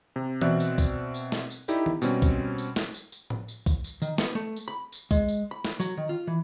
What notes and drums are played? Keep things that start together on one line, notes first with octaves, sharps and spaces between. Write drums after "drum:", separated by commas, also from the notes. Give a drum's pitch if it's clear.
C3
B2 C4 D5 E5 F#6, drum: tom E3
drum: tambourine
drum: kick B1, tambourine
drum: tambourine
drum: snare
drum: tambourine
D#4 E4 G4 A4 D5, drum: tambourine
drum: tom D#3
B2 G3 C4 C#4, drum: tambourine
drum: kick B1, tambourine
drum: tambourine
drum: snare
drum: tambourine
drum: tambourine
drum: tom A2
drum: tambourine
drum: kick B1, tambourine
drum: tambourine
D#3, drum: tambourine
B3, drum: snare
A3
drum: tambourine
B5
drum: tambourine
G#3, drum: kick B1, tambourine
drum: tambourine
B5
drum: snare
F#3, drum: tambourine
D#3
F4
E3